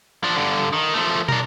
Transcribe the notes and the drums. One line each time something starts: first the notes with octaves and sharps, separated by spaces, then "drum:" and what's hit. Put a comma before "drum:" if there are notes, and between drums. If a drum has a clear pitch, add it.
F3 D4
G2 D3
D#3
F3 A3
D4 A#4, drum: tom